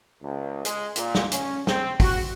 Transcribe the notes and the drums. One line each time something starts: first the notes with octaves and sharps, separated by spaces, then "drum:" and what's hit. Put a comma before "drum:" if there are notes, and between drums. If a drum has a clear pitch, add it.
C#2
G#3, drum: hi-hat
A#2, drum: hi-hat
drum: snare
C#4, drum: hi-hat
C4, drum: snare
F#4, drum: kick, open hi-hat